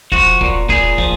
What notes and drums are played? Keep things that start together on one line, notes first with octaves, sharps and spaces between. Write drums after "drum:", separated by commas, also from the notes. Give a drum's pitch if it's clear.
F3 F#4, drum: kick
A#2, drum: kick
A#2 G#4, drum: kick
F3, drum: kick